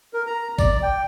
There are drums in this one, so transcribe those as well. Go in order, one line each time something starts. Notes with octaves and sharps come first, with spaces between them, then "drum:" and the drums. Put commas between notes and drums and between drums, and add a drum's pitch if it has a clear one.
A#4
A#5
D5, drum: kick, tambourine
G5